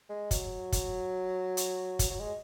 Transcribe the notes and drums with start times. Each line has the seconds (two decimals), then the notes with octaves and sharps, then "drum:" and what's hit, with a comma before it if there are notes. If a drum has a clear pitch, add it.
0.10 G#3
0.31 F#3, drum: kick, hi-hat
0.72 drum: kick, hi-hat
1.57 drum: hi-hat
1.99 drum: kick, hi-hat
2.11 F#3
2.20 G#3